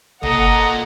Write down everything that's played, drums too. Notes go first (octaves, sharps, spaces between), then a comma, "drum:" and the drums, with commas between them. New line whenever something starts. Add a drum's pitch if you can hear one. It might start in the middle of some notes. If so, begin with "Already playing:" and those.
A#2 A4 D#5 F#5 A#5, drum: tom